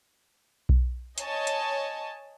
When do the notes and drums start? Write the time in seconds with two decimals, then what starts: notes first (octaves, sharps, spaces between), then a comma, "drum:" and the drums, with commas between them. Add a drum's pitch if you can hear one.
0.69 drum: kick B1
1.18 C#5 D#5 G#5 A5, drum: hi-hat
1.47 drum: hi-hat